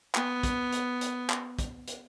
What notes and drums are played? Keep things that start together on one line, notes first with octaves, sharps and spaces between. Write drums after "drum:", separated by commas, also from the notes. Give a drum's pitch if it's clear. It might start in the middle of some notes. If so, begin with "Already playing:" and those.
B3, drum: clap
drum: kick, hi-hat
drum: hi-hat
drum: hi-hat
drum: clap
drum: kick, hi-hat
drum: hi-hat